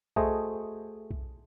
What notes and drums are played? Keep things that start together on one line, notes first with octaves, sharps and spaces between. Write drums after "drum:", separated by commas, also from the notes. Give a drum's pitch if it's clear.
A3 F#4 G#4 C5 D#5, drum: kick B1
drum: kick B1